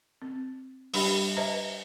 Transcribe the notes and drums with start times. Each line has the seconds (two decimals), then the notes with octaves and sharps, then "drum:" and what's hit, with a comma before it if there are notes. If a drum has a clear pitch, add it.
0.22 C4
0.94 G3 D4 G4 B5, drum: open hi-hat
1.37 B4 C5 D#5 E5 A5 A#5